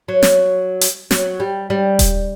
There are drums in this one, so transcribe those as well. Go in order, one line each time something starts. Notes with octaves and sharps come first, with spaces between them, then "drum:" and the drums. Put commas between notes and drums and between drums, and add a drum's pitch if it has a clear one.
F#3
drum: snare
drum: hi-hat
F#3, drum: snare
G3
G3
drum: kick D#1, hi-hat